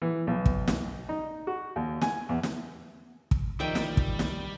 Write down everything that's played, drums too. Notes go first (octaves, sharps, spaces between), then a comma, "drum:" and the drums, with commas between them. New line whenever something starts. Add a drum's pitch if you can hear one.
E3
B1
drum: kick
drum: snare
D#4
F#4
D#2
G#5, drum: snare
E2
drum: snare
drum: kick
D#3 F3 G3 D#4 D#5 E5 G5 D#7
drum: snare
drum: kick
drum: snare